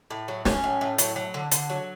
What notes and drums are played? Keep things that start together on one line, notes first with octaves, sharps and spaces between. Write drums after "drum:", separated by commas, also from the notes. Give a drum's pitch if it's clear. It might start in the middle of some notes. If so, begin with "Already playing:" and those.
A2
F#3
F#3 C#4, drum: snare
A2
A2
F#3, drum: hi-hat
F#3
D3
D3, drum: hi-hat
F#3